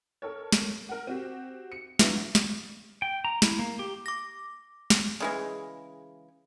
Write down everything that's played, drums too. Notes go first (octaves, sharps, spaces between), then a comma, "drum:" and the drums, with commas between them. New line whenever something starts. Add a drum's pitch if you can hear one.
A4 A#4 C#5
drum: snare
A#4 F#5
C4 F#4 G4
C#7
F3 F#3 B3 D4 E4, drum: snare
drum: snare
G5
A#5
E4, drum: snare
A#3
G4
D6 A#6
drum: snare
C#3 E3 G#3